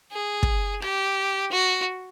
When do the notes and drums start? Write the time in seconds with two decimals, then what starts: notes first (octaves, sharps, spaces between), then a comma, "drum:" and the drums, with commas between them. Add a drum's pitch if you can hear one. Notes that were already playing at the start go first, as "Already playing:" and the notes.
0.12 G#4
0.43 drum: kick
0.82 G4, drum: rim click
1.52 F#4